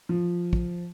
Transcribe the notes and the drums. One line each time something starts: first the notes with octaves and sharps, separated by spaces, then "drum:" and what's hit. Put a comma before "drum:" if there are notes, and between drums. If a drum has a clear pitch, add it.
F3
drum: kick